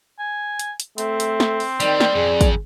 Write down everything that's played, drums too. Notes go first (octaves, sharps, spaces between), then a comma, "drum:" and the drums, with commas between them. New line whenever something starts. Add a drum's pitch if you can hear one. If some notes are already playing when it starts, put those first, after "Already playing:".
G#5
drum: hi-hat
drum: hi-hat
A3 C4, drum: hi-hat
drum: hi-hat
drum: snare
drum: open hi-hat
D#3 G3 D5, drum: hi-hat
drum: snare
F2 G#4
drum: kick, hi-hat